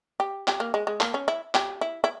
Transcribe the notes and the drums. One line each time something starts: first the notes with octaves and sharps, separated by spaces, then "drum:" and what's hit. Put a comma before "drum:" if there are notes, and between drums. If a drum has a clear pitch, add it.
G4
G4, drum: clap
A#3
G#3
G#3
A#3, drum: clap
C#4
E4
G4, drum: clap
E4
E4